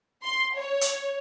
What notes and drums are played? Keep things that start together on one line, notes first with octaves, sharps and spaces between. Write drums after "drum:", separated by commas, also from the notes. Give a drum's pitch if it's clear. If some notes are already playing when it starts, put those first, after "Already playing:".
C6
C#5
drum: hi-hat